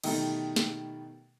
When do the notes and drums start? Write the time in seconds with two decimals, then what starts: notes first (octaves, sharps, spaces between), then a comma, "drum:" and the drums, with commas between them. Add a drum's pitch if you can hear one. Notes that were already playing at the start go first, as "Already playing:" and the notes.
0.04 B2 D#3 G3 A3 D#4, drum: cymbal
0.56 drum: snare